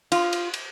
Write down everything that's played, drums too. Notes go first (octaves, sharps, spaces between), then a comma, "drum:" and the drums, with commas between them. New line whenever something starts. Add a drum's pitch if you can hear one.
F4, drum: cymbal
drum: cymbal
drum: cymbal